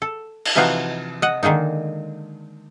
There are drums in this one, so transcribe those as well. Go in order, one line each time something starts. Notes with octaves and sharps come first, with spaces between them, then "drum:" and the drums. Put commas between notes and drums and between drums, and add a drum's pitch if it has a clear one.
A4
drum: cymbal
C3 E3 F3 D#4 F4 F#4
D#5 F#5
D3 D#3 G#3 A#3 D#4